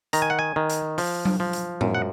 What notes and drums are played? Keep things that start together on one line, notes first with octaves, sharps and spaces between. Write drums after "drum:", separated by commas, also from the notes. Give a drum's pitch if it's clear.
D#3 A#5, drum: hi-hat
G#5
F#5
G#5
D#3
drum: hi-hat
F3, drum: open hi-hat
drum: tom F#3
F3
drum: hi-hat
F#2, drum: tom A2
F#5